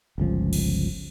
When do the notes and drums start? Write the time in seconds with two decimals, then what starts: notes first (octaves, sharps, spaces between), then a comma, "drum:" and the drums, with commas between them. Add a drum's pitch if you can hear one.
0.18 G1 C#2 F3
0.53 drum: cymbal